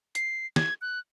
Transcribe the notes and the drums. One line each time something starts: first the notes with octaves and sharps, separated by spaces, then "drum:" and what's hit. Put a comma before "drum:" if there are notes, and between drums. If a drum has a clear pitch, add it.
C7, drum: hi-hat
G#6, drum: snare
F#6